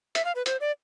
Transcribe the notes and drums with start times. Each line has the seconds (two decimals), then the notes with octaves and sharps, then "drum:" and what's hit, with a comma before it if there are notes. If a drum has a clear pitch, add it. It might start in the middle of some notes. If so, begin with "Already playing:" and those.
0.15 E5, drum: hi-hat
0.25 F5
0.35 B4
0.46 C5, drum: hi-hat
0.61 D5